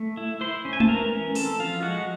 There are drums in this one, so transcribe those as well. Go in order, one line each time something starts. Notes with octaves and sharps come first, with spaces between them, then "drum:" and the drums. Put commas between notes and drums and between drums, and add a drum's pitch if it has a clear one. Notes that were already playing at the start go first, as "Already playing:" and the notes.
Already playing: A3
E4
E4 C5 C6
C#4
G#5
A5, drum: tom G#3
E3 A#4 A#5
C#4
C4 A4 A5, drum: open hi-hat
F3 F4 F5
G#3 F#4 F#5